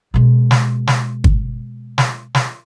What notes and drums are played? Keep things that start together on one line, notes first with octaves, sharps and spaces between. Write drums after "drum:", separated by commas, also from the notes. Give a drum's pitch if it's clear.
B2 G#3
drum: snare
drum: snare
drum: kick G1
drum: snare
drum: snare